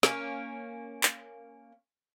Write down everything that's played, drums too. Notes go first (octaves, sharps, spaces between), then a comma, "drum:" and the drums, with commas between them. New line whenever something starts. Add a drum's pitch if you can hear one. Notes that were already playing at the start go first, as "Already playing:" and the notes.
A#3 C#4, drum: snare
drum: clap